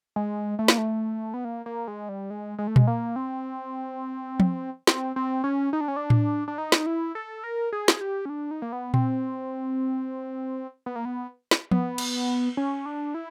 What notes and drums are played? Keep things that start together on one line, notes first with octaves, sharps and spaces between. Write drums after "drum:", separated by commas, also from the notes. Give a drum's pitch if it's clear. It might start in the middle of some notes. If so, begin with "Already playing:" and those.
G#3
A3
A#3, drum: snare
A3
B3
A#3
A#3
G#3
G3
G#3
G#3
A3
G#3, drum: tom A#2
A#3
C4
drum: tom F3
C4, drum: snare
C4
C#4
D#4
D4
C#4
D4
drum: tom A2
D4
D#4
drum: snare
E4
A4
A#4
G#4
drum: snare
G4
C#4
D4
D#4
A#3
B3
C4, drum: tom A#2
B3
A#3
B3
drum: snare
B3, drum: tom F3
drum: cymbal
C#4
D4
E4